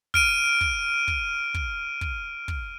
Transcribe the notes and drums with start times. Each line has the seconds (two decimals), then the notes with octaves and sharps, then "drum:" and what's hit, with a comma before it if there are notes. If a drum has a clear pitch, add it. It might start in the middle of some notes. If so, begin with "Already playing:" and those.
0.14 F6 D7 D#7, drum: kick
0.61 drum: kick
1.08 drum: kick
1.54 drum: kick
2.01 drum: kick
2.48 drum: kick